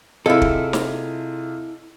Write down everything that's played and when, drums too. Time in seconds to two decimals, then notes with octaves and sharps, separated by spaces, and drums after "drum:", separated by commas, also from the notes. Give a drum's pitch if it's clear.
0.26 C3 E4 F4 G#4 A4 D#5 F5
0.42 drum: kick
0.73 drum: snare